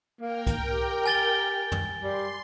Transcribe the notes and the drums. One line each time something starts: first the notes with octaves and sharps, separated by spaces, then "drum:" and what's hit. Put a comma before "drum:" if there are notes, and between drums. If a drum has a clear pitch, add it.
A#3 A#4 G5
drum: kick C2, hi-hat
G4
G#5 A6 G7
drum: tom
G3 C6